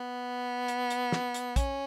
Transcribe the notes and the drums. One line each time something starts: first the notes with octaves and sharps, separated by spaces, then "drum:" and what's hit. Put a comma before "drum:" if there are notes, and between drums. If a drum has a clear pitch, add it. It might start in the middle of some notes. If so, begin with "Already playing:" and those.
Already playing: B3
drum: hi-hat
drum: hi-hat
drum: snare
drum: hi-hat
C#4, drum: kick, hi-hat